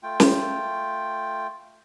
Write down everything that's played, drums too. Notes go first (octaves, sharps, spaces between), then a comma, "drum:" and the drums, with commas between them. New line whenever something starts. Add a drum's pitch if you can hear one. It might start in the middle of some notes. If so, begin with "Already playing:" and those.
A3 F4 G5
drum: snare